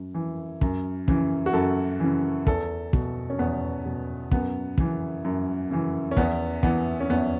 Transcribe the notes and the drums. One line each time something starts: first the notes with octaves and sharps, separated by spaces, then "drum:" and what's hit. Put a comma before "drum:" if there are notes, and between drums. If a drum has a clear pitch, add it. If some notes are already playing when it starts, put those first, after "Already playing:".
Already playing: F#2
E3
F#2, drum: kick
C#3 E3, drum: kick
F#4
F#2 A4
C#3 E3
E2 A4, drum: kick
B2, drum: kick
C#4
E2 B3
B2
F#2 B3, drum: kick
C#3 E3, drum: kick
F#2
C#3 E3
C#4
E2 B3, drum: kick
E3 B3, drum: kick
C#4
E2 B3